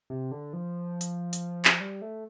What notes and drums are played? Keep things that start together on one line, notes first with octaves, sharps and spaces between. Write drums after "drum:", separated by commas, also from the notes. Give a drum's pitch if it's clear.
C3
D3
F3
drum: hi-hat
drum: hi-hat
drum: clap
G3
A3